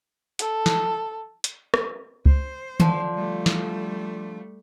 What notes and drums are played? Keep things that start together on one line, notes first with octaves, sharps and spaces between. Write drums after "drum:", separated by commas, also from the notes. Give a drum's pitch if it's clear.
A4, drum: hi-hat
drum: snare
drum: hi-hat
drum: rim click
C5, drum: kick C#2
D3 F3, drum: tom D#3
G3 A3
drum: snare